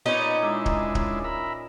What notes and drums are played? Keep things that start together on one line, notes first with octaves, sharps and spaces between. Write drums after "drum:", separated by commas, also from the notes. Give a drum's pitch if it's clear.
A#2 B3 C#4 D#4
G#3 D4 E4
drum: kick D1
drum: kick D1
A#4 E5 B5